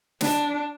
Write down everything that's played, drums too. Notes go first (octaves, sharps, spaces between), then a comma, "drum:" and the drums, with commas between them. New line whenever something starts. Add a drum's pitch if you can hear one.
D4, drum: snare